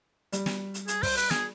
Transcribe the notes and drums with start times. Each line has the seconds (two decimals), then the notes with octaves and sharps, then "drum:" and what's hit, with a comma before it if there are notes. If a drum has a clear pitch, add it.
0.32 G3, drum: hi-hat
0.46 drum: snare
0.74 drum: hi-hat
0.88 G#4, drum: hi-hat
1.03 C5, drum: kick, open hi-hat
1.17 B4, drum: hi-hat
1.31 G#4, drum: snare